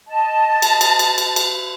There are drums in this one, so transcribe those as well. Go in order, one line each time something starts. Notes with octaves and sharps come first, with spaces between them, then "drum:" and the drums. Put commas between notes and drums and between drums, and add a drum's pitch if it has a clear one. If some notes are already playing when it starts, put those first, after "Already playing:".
D#5 A5
drum: cymbal
drum: cymbal
drum: cymbal
drum: cymbal
drum: cymbal